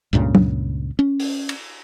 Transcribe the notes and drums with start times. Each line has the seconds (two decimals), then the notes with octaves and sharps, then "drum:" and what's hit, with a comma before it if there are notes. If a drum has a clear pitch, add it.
0.13 C#2 G2 A#2 C#3
0.35 drum: tom
0.99 C#4
1.20 drum: open hi-hat
1.49 drum: cymbal